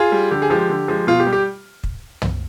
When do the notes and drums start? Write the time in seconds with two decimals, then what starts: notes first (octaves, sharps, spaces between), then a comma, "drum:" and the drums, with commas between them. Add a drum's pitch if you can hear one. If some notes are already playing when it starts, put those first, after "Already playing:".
Already playing: F4 G#4
0.12 G3
0.31 D3 G4
0.42 G#4
0.50 F3 G#3 G4
0.70 D3
0.88 F3 G#3
1.07 B2 F4
1.20 G4
1.27 G3
1.33 G4
1.84 drum: kick
2.22 drum: tom